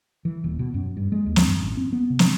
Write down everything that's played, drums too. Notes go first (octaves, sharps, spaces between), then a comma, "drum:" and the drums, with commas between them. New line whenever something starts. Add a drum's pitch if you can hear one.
E3
D#1
B2
F#2
G2
G#3
D#2
drum: snare
F#2
A1
C4
B3
C3
drum: snare